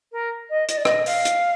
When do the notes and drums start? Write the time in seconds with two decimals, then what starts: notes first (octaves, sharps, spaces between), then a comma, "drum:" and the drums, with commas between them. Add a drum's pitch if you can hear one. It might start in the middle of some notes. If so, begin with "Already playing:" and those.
0.12 A#4
0.50 D#5
0.69 D#5, drum: hi-hat
0.77 D5
0.85 D#5, drum: rim click
1.06 F5, drum: open hi-hat
1.25 drum: hi-hat